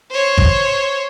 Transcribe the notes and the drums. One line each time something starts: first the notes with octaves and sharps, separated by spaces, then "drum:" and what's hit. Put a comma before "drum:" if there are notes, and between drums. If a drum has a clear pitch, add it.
C5 C#5
drum: kick G#1